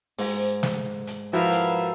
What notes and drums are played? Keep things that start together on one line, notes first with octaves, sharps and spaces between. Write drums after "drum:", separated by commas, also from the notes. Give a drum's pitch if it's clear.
G#2, drum: open hi-hat
drum: snare
drum: hi-hat
F3 E4 F#4 A#4 B4 E5 F5
drum: hi-hat